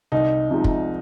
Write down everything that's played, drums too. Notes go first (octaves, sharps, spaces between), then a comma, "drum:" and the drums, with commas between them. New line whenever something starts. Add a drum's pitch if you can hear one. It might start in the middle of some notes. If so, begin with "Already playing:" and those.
C2 D#4
C3 F3 G#3 D#4
drum: kick